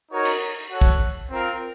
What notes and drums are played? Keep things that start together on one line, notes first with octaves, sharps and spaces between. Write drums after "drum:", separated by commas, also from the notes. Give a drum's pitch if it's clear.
D#4 F#4 A#4 C#5
drum: cymbal
F#4 A4 C#5 F#5
drum: kick
C4 F4 A#4